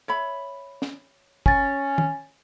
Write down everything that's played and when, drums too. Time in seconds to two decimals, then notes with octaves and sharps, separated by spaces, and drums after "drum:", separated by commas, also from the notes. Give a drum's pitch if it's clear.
0.08 C#5 E5 B5
0.82 drum: snare
1.46 C#4 G#5 A6, drum: kick
1.98 drum: tom